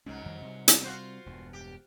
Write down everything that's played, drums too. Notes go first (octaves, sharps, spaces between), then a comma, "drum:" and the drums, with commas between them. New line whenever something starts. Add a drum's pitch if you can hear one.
C2 G#2 F#3 G#3 C#4
F2 D#3 G3
C3 G3
drum: hi-hat
F4 F#4 C5
E1 E2 G2
G4